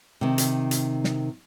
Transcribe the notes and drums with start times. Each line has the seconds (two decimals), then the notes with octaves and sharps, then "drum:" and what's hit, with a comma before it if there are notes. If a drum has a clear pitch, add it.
0.21 C3 D#3
0.38 drum: hi-hat
0.71 drum: hi-hat
1.04 drum: snare